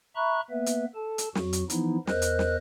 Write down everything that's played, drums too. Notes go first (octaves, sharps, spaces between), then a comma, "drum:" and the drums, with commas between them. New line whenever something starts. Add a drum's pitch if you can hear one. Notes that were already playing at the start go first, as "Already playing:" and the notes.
E5 A#5 B5 C#6 F#6
A#3 B3 B4 E5
drum: hi-hat
A4 A5
drum: hi-hat
F2 F#3 F#4, drum: snare
drum: hi-hat
E3 F3 B3 D#4 E4, drum: hi-hat
E2 A#4 C5 D#5 F#6, drum: snare
drum: hi-hat
drum: snare